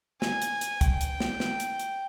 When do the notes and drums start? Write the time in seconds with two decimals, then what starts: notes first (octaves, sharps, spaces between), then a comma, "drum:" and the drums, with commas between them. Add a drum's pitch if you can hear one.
0.22 G#5, drum: snare
0.42 drum: hi-hat
0.61 drum: hi-hat
0.81 G5, drum: kick, hi-hat
1.01 drum: hi-hat
1.20 drum: snare
1.40 drum: snare
1.60 drum: hi-hat
1.80 drum: hi-hat